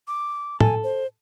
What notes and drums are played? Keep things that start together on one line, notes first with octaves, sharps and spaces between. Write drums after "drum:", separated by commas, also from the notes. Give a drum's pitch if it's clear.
D6
A4 G#5, drum: tom A2
C5